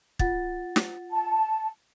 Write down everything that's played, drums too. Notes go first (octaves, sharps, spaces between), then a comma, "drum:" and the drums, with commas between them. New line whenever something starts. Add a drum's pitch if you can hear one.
F4 F#5 A6, drum: kick
drum: snare
A5